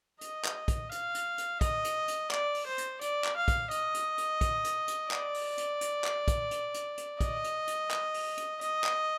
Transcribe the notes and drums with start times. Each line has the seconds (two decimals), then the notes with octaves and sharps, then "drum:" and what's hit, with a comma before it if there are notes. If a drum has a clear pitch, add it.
0.21 D#5, drum: hi-hat
0.45 drum: clap
0.68 drum: kick, hi-hat
0.92 F5, drum: hi-hat
1.15 drum: hi-hat
1.38 drum: hi-hat
1.61 D#5, drum: kick, hi-hat
1.85 drum: hi-hat
2.08 drum: hi-hat
2.31 D5, drum: clap
2.55 drum: open hi-hat
2.67 C5
2.78 drum: hi-hat
3.01 D5, drum: hi-hat
3.25 drum: clap
3.36 F5
3.48 drum: kick, hi-hat
3.71 D#5, drum: hi-hat
3.94 drum: hi-hat
4.18 drum: hi-hat
4.41 drum: kick, hi-hat
4.64 drum: hi-hat
4.88 drum: hi-hat
5.11 D5, drum: clap
5.34 drum: open hi-hat
5.58 drum: hi-hat
5.81 drum: hi-hat
6.04 drum: clap
6.28 drum: kick, hi-hat
6.51 drum: hi-hat
6.74 drum: hi-hat
6.98 drum: hi-hat
7.20 D#5, drum: kick, hi-hat
7.44 drum: hi-hat
7.68 drum: hi-hat
7.91 drum: clap
8.14 drum: open hi-hat
8.38 drum: hi-hat
8.61 D#5, drum: hi-hat
8.84 drum: clap